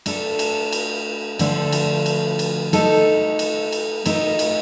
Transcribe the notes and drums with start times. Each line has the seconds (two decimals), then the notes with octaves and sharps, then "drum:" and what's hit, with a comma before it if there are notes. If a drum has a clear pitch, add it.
0.06 A3 D4 A4, drum: cymbal
0.39 drum: cymbal
0.72 drum: cymbal
1.39 D3 F3 A3 D4, drum: cymbal
1.72 drum: cymbal
2.06 drum: cymbal
2.39 drum: cymbal
2.73 A3 D#4 A4, drum: cymbal
3.39 drum: cymbal
3.72 drum: cymbal
4.06 A3 D#4 A#4, drum: cymbal
4.39 drum: cymbal